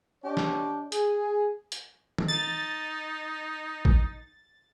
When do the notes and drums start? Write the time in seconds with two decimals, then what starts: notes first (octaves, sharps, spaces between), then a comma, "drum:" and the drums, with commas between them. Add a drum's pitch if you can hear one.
0.24 D4 G4 C#5 D#5
0.37 drum: snare
0.92 G#4, drum: hi-hat
1.72 drum: hi-hat
2.18 drum: tom D#3
2.28 D#4 A6
3.85 drum: kick A1